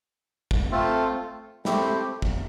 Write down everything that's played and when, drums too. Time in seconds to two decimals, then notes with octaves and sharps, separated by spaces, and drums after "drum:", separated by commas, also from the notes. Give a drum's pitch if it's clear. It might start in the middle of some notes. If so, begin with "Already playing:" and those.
0.51 drum: kick
0.71 A3 C4 F4 A4
1.65 A3 C4 E4 G4, drum: snare
2.22 drum: kick